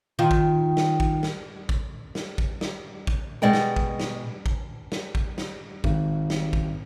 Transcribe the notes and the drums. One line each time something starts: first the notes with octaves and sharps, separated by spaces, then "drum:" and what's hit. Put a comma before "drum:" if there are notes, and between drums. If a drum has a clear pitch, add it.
D#3 F4
drum: kick A1
drum: snare
drum: kick A1
drum: snare
drum: kick A1
drum: snare
drum: kick A1
drum: snare
drum: kick A1
B2 G#3 D5 D#5 G5
drum: snare
drum: kick A1
drum: snare
drum: kick A1
drum: snare
drum: kick A1
drum: snare
G#1, drum: kick A1
drum: snare
drum: kick A1